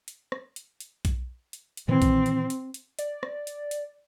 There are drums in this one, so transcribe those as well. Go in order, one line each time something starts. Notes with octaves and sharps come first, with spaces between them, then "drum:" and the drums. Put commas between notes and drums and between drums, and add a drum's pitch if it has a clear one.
drum: hi-hat
drum: rim click
drum: hi-hat
drum: hi-hat
drum: kick B1, hi-hat
drum: hi-hat
drum: hi-hat
A#2 D#3 E3 C4
drum: kick B1, hi-hat
drum: hi-hat
drum: hi-hat
drum: hi-hat
D5, drum: hi-hat
drum: rim click
drum: hi-hat
drum: hi-hat